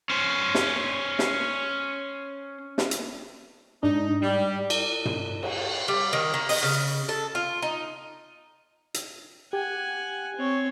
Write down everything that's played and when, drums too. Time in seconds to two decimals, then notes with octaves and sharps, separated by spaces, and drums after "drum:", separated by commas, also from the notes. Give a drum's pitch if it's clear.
0.10 C#4 C5
0.55 drum: snare
1.19 drum: snare
2.78 drum: snare
2.91 drum: hi-hat
3.83 G#2 D4 D#4
4.22 G3
4.70 drum: cymbal
5.05 drum: tom
5.43 drum: cymbal
5.88 G3
6.13 D#3
6.34 D#3
6.49 D#5, drum: open hi-hat
6.63 C#3
7.09 A4
7.35 F4
7.62 D#4
8.94 drum: hi-hat
9.53 G4 F#5 G#5
10.36 C4 C#5